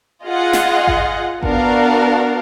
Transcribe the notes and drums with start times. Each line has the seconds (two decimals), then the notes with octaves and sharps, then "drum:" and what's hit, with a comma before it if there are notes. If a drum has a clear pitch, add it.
0.25 F4 G#4 D#5 F#5
0.53 drum: snare
0.87 drum: kick G#1
1.43 B3 D4 F#4 A#4 F5, drum: kick G#1